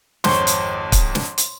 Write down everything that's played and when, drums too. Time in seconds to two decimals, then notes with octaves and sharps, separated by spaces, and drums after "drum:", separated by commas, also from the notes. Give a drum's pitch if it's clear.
0.24 G#1 F2 C5 C#5 C6, drum: snare
0.47 drum: hi-hat
0.92 drum: kick, hi-hat
1.15 drum: snare
1.38 drum: hi-hat